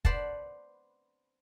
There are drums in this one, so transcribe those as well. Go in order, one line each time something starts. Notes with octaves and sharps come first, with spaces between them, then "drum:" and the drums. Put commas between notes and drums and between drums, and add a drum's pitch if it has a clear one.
B4 C5 D5 F#5 A5, drum: kick